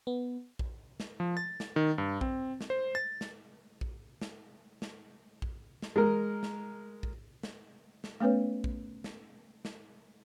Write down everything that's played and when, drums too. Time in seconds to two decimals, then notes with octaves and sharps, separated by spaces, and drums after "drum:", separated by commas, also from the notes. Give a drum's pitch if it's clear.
0.07 B3
0.59 drum: kick A#1
1.00 drum: snare
1.20 F3
1.37 A6
1.60 drum: snare
1.76 D#3
1.98 G2
2.21 C4, drum: kick A#1
2.61 drum: snare
2.70 C5
2.95 A6
3.21 drum: snare
3.81 drum: kick A#1
4.22 drum: snare
4.82 drum: snare
5.42 drum: kick A#1
5.82 drum: snare
5.96 G#3 A#4
6.43 drum: snare
7.03 drum: kick A#1
7.43 drum: snare
8.04 drum: snare
8.20 A3 B3 C#4 B4 C#5
8.64 drum: kick A#1
9.04 drum: snare
9.65 drum: snare